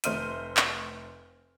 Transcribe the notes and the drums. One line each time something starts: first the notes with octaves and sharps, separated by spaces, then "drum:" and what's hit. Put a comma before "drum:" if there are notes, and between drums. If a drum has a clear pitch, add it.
F1 A3 C5 F6 D#7, drum: hi-hat
drum: clap